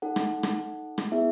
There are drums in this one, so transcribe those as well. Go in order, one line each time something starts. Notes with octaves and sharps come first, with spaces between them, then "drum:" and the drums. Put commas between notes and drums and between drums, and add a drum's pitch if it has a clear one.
D#4 A4 F#5
drum: rim click
drum: rim click
drum: rim click
B3 E4 G#4 E5